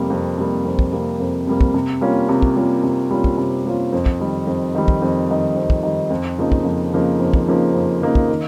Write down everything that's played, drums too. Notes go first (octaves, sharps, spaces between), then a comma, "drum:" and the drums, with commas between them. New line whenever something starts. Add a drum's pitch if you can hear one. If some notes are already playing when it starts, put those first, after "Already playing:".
Already playing: F2 C3 G3 A#3
F2
C3 G3 A#3
F2
drum: kick
C3 G3 A#3
F2
C3 G3 A#3
drum: kick
C3
G3 A#3 C#4 F4
C3
drum: kick
G3 A#3 C#4 F4
C3
G3 A#3 C#4 F4
drum: kick
C3
G3 A#3 C#4 F4
F2
drum: kick
D#3 G3
F2
D#3 G3
drum: kick
F2
D#3 G3
F2
drum: kick
D#3 G3
F2
C#3 F3 A#3 D#4
drum: kick
F2
C#3 F3 A#3 D#4
F2
drum: kick
C#3 F3 A#3 D#4
F2
C#3 F3 A#3 D#4
drum: kick
D#3